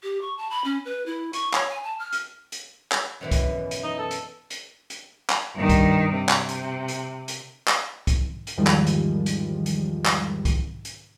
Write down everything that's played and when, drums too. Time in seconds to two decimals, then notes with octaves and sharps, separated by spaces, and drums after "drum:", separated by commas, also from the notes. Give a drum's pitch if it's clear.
0.03 G4
0.21 C#6
0.37 A5
0.50 B5
0.64 C#4
0.85 B4
1.06 E4
1.33 C#6, drum: hi-hat
1.53 C#5, drum: clap
1.69 G#5
1.84 A5
1.99 F6
2.12 drum: hi-hat
2.52 drum: hi-hat
2.92 drum: clap
3.21 F#2 B2 E3
3.31 drum: kick, hi-hat
3.71 drum: hi-hat
3.83 D#4
3.98 A4
4.11 drum: hi-hat
4.50 drum: hi-hat
4.90 drum: hi-hat
5.30 drum: clap
5.55 G2 D#3
5.69 drum: kick, hi-hat
6.12 C3
6.29 drum: clap
6.49 drum: hi-hat
6.88 drum: hi-hat
7.28 drum: hi-hat
7.68 drum: clap
8.07 drum: kick, hi-hat
8.47 drum: hi-hat
8.57 E2 G#2 D#3 F3 G3 G#3
8.67 drum: clap
8.87 drum: hi-hat
9.26 drum: hi-hat
9.66 drum: hi-hat
10.06 drum: clap
10.45 drum: kick, hi-hat
10.85 drum: hi-hat